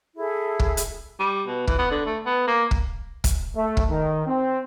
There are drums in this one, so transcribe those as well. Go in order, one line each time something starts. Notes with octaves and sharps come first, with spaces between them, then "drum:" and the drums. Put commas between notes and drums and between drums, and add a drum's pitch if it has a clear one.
E4 G#4 A4 E5
drum: kick
drum: hi-hat
G3
B2
E3, drum: kick
B3
D3
A3
B3
A#3
drum: kick
drum: kick, hi-hat
A3
drum: kick
D#3
C4